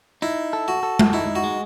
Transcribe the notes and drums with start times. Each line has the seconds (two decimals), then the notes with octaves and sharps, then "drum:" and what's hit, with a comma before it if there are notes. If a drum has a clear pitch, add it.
0.22 D#4 E4
0.53 A4
0.68 F#4
0.83 A4
0.99 drum: tom G#3
1.13 D#4 E4
1.35 F#4
1.44 G#3